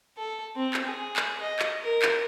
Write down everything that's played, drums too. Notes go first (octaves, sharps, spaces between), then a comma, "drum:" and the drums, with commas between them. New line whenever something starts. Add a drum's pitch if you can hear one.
A4
C4
drum: clap
G#4
drum: clap
D#5
drum: clap
A#4
drum: clap